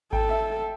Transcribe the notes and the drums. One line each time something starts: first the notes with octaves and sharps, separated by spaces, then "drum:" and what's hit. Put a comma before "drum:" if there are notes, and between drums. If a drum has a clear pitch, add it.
A4 G5, drum: kick G#1
E5